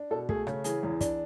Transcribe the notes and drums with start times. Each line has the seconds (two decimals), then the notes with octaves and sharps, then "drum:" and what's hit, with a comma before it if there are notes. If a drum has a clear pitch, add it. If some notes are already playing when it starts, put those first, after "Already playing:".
Already playing: D4
0.11 B2 A4
0.29 A3 G#4, drum: kick
0.47 C#3, drum: rim click
0.64 E3 G#4, drum: hi-hat
0.83 E2
1.01 D4, drum: kick, hi-hat